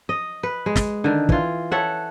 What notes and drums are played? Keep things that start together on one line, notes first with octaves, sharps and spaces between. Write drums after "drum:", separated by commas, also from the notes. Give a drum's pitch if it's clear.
D#5
B4
G#3
drum: snare
D3 D#3
E3 F4, drum: kick
A4 C#5 E5 F#5